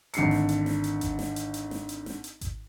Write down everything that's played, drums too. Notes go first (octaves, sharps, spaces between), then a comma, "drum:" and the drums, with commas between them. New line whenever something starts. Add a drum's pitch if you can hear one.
G#1 D3 C7 C#7, drum: hi-hat
drum: snare
drum: hi-hat
drum: snare
drum: hi-hat
drum: kick G#1, hi-hat
drum: snare
drum: hi-hat
drum: hi-hat
drum: snare
drum: hi-hat
drum: snare
drum: hi-hat
drum: kick G#1, hi-hat